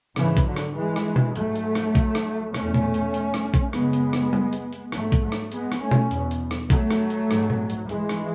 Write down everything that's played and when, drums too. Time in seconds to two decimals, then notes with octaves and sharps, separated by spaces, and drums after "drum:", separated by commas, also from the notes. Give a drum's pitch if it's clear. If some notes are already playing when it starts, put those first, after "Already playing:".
0.16 G#2 C#3 E3, drum: rim click
0.37 drum: kick A#1, hi-hat
0.46 D3 F#3
0.56 drum: rim click
0.76 E3 G#3
0.96 drum: rim click
1.16 drum: tom B2
1.36 G#2 F#3 A3, drum: hi-hat
1.56 drum: hi-hat
1.75 drum: rim click
1.95 drum: kick A#1, hi-hat
2.15 drum: rim click
2.54 E2 B2 A3 C#4, drum: rim click
2.74 drum: tom A#2
2.94 drum: hi-hat
3.14 drum: hi-hat
3.34 drum: rim click
3.54 drum: kick A#1
3.73 F#2 C#3 G#3 B3, drum: rim click
3.93 drum: hi-hat
4.13 drum: rim click
4.33 drum: tom G3
4.53 drum: hi-hat
4.73 drum: hi-hat
4.92 G#2 F#3 A3, drum: rim click
5.12 drum: kick A#1, hi-hat
5.22 F#3 A3
5.32 drum: rim click
5.52 G#3 B3, drum: hi-hat
5.72 drum: rim click
5.81 A3 C#4
5.91 drum: tom B2
6.11 E2 B2, drum: hi-hat
6.31 drum: hi-hat
6.51 drum: rim click
6.70 F#3 A3, drum: kick A#1, hi-hat
6.91 drum: rim click
7.10 drum: hi-hat
7.31 G#2, drum: rim click
7.50 drum: tom A#2
7.70 drum: hi-hat
7.89 E3 G#3, drum: hi-hat
8.09 drum: rim click